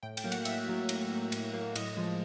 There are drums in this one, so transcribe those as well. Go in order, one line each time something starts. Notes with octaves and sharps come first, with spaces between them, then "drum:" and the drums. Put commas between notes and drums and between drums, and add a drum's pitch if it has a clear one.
A2 G5
G5, drum: cymbal
F#3 A#3 F5
F#5, drum: cymbal
A2 E5, drum: cymbal
F#3 A#3
A2, drum: cymbal
F#3 A#3
A2, drum: cymbal
F#3 A#3
A2 D#5, drum: cymbal
F3 G#3